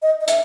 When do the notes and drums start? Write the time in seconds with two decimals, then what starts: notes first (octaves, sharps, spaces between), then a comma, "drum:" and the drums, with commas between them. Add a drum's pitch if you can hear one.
0.02 D#5
0.21 D#5
0.28 E5, drum: hi-hat